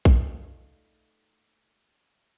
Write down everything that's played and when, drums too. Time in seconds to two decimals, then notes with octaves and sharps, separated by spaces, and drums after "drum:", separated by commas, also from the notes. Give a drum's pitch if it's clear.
0.05 A3 D#4 F4 D5 A5, drum: kick A#1